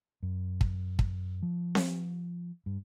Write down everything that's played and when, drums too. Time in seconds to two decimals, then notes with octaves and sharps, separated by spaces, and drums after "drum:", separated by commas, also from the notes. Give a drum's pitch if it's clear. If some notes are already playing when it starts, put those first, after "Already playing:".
0.23 F#2
0.61 drum: kick
0.99 drum: kick
1.42 F3
1.75 drum: snare C4
2.66 G2